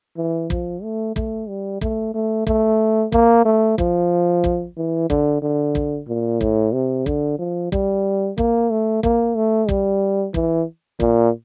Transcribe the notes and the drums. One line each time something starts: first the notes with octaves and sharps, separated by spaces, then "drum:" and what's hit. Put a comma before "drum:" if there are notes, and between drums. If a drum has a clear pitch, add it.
E3
F3, drum: kick
A3
A3, drum: kick
G3
A3, drum: kick
A3
A3, drum: kick
A#3, drum: kick
A3
F3, drum: kick
drum: kick
E3
D3, drum: kick
D3
drum: kick
A#2
A2, drum: kick
C3
D3, drum: kick
F3
G3, drum: kick
A#3, drum: kick
A3
A#3, drum: kick
A3
G3, drum: kick
E3, drum: kick
A#2, drum: kick